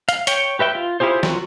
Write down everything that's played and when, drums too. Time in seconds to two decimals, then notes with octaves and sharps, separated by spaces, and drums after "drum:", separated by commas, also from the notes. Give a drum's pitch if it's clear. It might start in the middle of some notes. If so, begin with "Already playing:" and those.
0.09 F5, drum: hi-hat
0.27 C#5 G5, drum: hi-hat
0.59 G4 B4 E5 G5
0.75 F4
1.00 E4 F4 G4 G#4 C5
1.23 F#3 F4 F#4, drum: snare